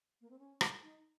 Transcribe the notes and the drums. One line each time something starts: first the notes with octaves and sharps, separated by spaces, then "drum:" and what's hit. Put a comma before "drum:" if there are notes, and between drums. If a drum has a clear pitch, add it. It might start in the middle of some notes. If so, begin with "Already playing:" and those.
A#3
C4
C#4
drum: rim click
D#4